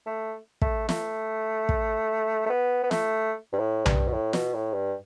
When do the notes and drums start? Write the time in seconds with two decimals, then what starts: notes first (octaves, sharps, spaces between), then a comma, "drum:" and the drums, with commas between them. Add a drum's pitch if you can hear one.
0.06 A3
0.62 A3, drum: kick
0.89 A3, drum: snare
1.69 drum: kick
2.46 A3
2.50 B3
2.83 B3
2.91 A3, drum: snare
3.53 G2
3.59 A2
3.86 G2, drum: tom B1
4.08 B2
4.13 A2
4.33 B2, drum: snare
4.54 A2
4.73 G2